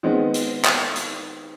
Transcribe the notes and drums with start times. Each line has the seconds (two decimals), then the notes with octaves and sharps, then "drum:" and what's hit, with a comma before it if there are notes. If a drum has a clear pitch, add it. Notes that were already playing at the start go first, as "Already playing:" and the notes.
0.03 D#3 G#3 B3 C4
0.34 drum: hi-hat
0.65 drum: clap
0.96 drum: hi-hat